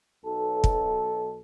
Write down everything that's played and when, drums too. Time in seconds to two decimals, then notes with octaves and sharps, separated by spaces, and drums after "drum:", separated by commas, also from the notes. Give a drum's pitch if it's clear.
0.24 B1 A4
0.64 drum: kick